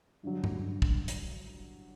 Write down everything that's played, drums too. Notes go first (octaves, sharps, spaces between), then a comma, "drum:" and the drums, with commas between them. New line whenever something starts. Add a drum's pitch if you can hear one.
G2 D3 F#3
drum: tom G2
drum: kick
drum: hi-hat